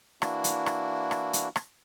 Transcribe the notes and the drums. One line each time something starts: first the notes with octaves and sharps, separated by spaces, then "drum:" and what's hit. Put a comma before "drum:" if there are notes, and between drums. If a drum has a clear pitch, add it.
E3 A#3 D4 E4 F#4, drum: rim click
drum: hi-hat
drum: rim click
drum: rim click
drum: hi-hat
drum: rim click